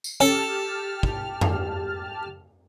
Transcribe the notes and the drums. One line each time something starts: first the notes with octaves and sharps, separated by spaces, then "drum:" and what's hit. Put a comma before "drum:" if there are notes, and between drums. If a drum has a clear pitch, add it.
drum: tambourine
C#4 G4 A4 A5 F6, drum: hi-hat
drum: kick
drum: tom F2